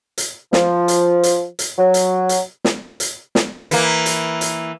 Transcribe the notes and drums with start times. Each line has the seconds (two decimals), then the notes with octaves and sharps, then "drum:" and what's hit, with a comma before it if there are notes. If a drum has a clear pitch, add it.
0.18 drum: hi-hat
0.53 F3, drum: snare
0.88 drum: hi-hat
1.23 drum: hi-hat
1.59 drum: hi-hat
1.77 F#3
1.94 drum: hi-hat
2.29 drum: hi-hat
2.65 drum: snare
3.00 drum: hi-hat
3.35 drum: snare
3.71 E3 A#3, drum: hi-hat
4.06 drum: hi-hat
4.41 drum: hi-hat